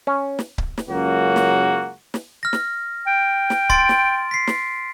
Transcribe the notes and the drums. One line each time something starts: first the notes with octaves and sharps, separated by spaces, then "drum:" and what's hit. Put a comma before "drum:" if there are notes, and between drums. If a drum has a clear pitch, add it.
C#4
drum: snare
drum: kick C#1
drum: snare
C#2 F#2 C#3 A#3 F#4
drum: snare
drum: snare
F6 A#6
drum: snare
G5
drum: snare
C6 A6 D7, drum: kick C#1
drum: snare
B6 C7
drum: snare